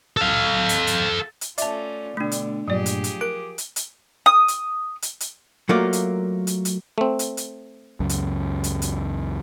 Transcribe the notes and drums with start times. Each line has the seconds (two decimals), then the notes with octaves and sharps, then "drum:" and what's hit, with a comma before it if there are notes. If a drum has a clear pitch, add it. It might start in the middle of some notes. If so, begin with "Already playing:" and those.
0.17 A4 F5
0.69 drum: hi-hat
0.87 drum: hi-hat
1.41 drum: hi-hat
1.58 A3 C#4 F4 D5 E5 A5, drum: hi-hat
2.17 B2 D3 A3 D4
2.32 drum: hi-hat
2.68 G2 A#2 F3 F#3 G4 G#4 D5
2.86 drum: hi-hat
3.04 drum: hi-hat
3.21 A#4 D6 D7
3.58 drum: hi-hat
3.76 drum: hi-hat
4.26 D#6
4.48 drum: hi-hat
5.02 drum: hi-hat
5.20 drum: hi-hat
5.69 F#3 A3 A#3 F4 A#4 D5
5.93 drum: hi-hat
6.47 drum: hi-hat
6.65 drum: hi-hat
6.98 A3 C4
7.19 drum: hi-hat
7.37 drum: hi-hat
8.00 C#2 F#2
8.09 drum: hi-hat
8.64 drum: hi-hat
8.82 drum: hi-hat